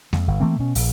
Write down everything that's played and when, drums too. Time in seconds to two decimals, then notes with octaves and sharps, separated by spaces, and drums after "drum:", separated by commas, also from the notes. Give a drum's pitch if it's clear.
0.13 F2, drum: snare G#3
0.28 G1
0.40 E3 A3 A#3 C4
0.59 B2 C#4
0.75 A#1, drum: open hi-hat